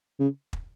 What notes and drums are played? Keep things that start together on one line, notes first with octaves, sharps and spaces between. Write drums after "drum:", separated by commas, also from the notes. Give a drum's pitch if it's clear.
C#3
drum: kick